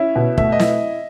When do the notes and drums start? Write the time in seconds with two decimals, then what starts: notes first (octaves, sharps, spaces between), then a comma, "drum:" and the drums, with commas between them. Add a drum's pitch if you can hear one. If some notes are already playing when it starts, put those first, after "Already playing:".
Already playing: C#4 E4 E5
0.16 B2
0.38 A3 E5, drum: kick
0.52 D#5
0.59 E4, drum: snare